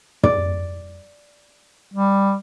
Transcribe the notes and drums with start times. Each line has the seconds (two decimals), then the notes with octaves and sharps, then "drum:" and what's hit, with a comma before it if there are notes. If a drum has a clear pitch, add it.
0.23 D5, drum: tom
1.94 G3